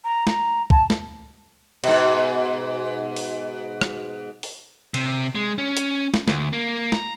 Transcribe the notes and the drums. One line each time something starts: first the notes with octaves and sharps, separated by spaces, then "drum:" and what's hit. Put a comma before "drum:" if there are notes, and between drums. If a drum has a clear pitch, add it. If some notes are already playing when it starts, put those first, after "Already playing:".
A#5
A#5, drum: snare
A5, drum: kick C2
drum: snare
G#2 B2, drum: cymbal
drum: open hi-hat
drum: rim click
drum: open hi-hat
C3, drum: cymbal
G#3
C#4
drum: hi-hat
drum: snare
D2, drum: snare
A#3
A#5, drum: snare